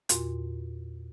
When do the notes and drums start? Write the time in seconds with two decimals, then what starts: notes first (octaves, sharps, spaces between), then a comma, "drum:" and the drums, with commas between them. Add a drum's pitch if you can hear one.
0.09 E2 A#2 F4 F#4 C6, drum: hi-hat